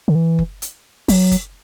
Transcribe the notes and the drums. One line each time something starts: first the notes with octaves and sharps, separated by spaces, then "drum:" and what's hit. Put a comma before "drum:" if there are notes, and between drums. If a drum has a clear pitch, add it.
D3
E3
drum: kick F#1
drum: hi-hat
F#3, drum: kick F#1, open hi-hat
drum: kick F#1, hi-hat